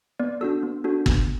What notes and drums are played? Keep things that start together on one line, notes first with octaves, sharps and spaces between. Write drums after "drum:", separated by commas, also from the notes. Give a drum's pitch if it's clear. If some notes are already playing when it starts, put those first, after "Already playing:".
B3 D5
D4 F#4 A4 E6
B3
D4 F#4 A4
B3, drum: kick G1